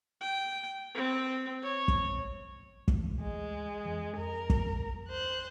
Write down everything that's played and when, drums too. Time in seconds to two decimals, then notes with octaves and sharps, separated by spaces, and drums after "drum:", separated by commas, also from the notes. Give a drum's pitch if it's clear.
0.21 G5
0.95 C4
1.62 C#5
1.88 drum: kick
2.88 D2 E3 A3, drum: kick
3.21 G#3
3.85 F2 E3
4.18 F2 A#4
4.50 drum: kick
5.08 C5 F#6